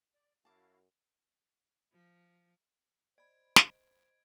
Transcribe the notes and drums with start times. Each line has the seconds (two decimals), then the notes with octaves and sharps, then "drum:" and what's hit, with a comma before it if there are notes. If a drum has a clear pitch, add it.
0.14 D5
0.45 F#2 E4 F#4 F5 A5 D6
1.93 F3
3.18 C5 D5 D#5 B5 G#6 D7
3.56 drum: snare